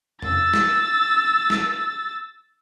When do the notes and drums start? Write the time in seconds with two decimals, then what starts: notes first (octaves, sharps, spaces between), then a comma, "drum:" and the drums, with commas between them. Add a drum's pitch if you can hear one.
0.22 E6 A6, drum: tom
0.54 drum: snare
1.50 drum: snare